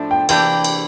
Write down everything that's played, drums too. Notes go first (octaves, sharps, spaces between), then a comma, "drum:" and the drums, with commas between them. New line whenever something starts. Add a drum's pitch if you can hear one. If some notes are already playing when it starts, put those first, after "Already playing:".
Already playing: A2 F3 A3 D4
G5
C3 E3 A#3 D4 G4 G5, drum: cymbal
drum: cymbal